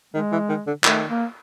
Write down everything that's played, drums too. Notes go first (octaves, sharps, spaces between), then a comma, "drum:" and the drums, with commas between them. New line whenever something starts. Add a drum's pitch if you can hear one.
D#3 G#3
E3
D#3
D3
D#3 A3, drum: clap
A#3